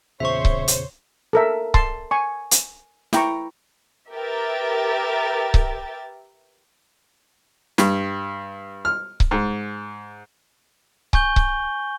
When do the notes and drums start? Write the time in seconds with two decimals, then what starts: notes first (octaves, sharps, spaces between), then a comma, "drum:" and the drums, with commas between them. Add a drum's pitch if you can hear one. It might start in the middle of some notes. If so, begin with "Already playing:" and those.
0.20 E2 A#2 C#3 C5 C#5 E5 C#6
0.45 drum: kick C#1
0.68 drum: hi-hat
1.33 A4 A#4 E5
1.74 A5 C6, drum: kick C#1
2.11 G#5 C#6
2.51 drum: hi-hat
3.13 E4 G5 A#5 C#6, drum: snare
4.12 G4 A#4 B4 E5 G5 A6
5.54 drum: kick C#1
7.78 G2, drum: snare
8.85 F6
9.20 drum: kick C#1
9.31 G#2
11.13 G#5 C#6 G6 G7, drum: kick C#1
11.36 drum: kick C#1